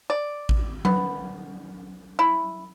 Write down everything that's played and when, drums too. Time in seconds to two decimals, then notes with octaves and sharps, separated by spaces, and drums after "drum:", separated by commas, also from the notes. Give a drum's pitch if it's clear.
0.10 D5
0.49 drum: kick A1
0.85 B3, drum: tom F#3
2.19 E4